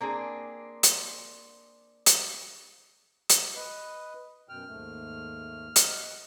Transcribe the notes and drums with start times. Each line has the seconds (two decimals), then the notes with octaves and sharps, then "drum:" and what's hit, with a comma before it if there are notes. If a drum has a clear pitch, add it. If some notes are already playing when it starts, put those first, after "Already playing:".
0.01 A#3 C4 D4 G#4
0.83 drum: hi-hat
2.06 drum: hi-hat
3.29 drum: hi-hat
3.55 B4 D#5
4.49 F#2 B2 G5 F6
4.67 D#2 G#2 A3
5.76 D#5 F#5, drum: hi-hat